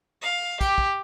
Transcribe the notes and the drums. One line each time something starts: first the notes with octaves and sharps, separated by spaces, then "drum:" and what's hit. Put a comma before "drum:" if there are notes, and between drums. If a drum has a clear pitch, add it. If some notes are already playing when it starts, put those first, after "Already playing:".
F5
G4, drum: kick, hi-hat
drum: kick